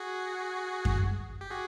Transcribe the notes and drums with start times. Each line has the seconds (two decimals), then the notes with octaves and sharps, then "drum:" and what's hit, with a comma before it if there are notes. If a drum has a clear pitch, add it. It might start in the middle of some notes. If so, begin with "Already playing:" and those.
Already playing: F#4 G#4
0.85 drum: kick F#2
1.41 G4
1.50 F#4 G#4